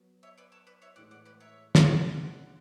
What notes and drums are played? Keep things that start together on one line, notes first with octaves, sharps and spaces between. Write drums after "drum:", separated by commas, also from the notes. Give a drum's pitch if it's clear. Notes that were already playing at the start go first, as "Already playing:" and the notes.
Already playing: F#3 B3 F#4
C#5 E5
B4 D5
A4 C#5
B4 D5
C#5 E5
A2 E3 G#3 D5 F#5
D5 F#5
B4 D5
C#5 E5
drum: snare
D3 G#3 C#4 D5 F#5